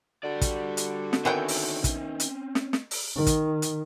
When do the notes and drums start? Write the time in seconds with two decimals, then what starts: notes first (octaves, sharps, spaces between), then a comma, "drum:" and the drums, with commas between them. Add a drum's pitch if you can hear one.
0.24 D3 G3 F#4 D5
0.41 drum: kick, hi-hat
0.77 drum: hi-hat
1.13 drum: snare
1.25 D#3 E3 C4 C#4 F#5 G5
1.48 drum: open hi-hat
1.84 drum: kick, hi-hat
2.20 drum: hi-hat
2.55 drum: snare
2.73 drum: snare
2.91 drum: open hi-hat
3.16 D#3
3.27 drum: kick, hi-hat
3.62 drum: hi-hat